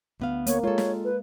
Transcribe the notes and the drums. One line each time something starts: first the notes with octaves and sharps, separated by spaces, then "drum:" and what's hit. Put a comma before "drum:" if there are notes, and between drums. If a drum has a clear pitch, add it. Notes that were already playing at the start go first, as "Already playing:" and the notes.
D2 B3 F5
A#3 C#5, drum: hi-hat
G#3 F4 A4 C#5
drum: snare
B4